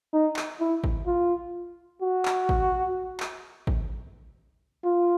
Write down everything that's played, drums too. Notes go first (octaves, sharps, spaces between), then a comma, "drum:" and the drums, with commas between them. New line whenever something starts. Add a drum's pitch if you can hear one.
D#4
drum: clap
E4
drum: kick G#1
F4
F#4
drum: clap
drum: kick G#1
drum: clap
drum: kick G#1
F4